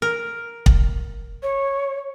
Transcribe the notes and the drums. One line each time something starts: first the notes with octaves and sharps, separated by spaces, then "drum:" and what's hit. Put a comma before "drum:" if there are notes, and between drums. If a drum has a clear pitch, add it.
A#4
drum: kick
C#5